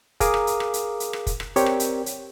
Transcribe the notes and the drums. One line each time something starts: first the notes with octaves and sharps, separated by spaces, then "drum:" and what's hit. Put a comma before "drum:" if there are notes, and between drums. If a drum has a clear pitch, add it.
G#4 A#4 F5 A#5 D6 D#6, drum: kick, hi-hat
drum: rim click
drum: hi-hat
drum: rim click
drum: hi-hat
drum: hi-hat
drum: rim click
drum: kick, hi-hat
drum: rim click
C4 G4 A#4 C#5 D5 G5, drum: hi-hat
drum: rim click
drum: hi-hat
drum: hi-hat